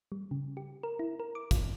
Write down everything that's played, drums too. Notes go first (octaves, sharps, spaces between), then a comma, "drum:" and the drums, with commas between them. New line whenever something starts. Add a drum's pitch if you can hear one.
G3
C#3
G4
A#4
E4
A#4
D6
F4, drum: kick, hi-hat